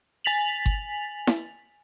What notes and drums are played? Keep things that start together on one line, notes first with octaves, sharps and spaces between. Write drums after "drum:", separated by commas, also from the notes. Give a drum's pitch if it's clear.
G#5 A6 B6 F7 F#7
drum: kick G1
drum: snare E4